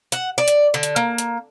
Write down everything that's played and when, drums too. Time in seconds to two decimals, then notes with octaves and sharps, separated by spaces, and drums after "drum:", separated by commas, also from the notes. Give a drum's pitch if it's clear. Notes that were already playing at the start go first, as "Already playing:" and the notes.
0.12 F#5, drum: hi-hat
0.38 D5
0.48 drum: hi-hat
0.74 D3
0.83 drum: hi-hat
0.96 A#3
1.18 drum: hi-hat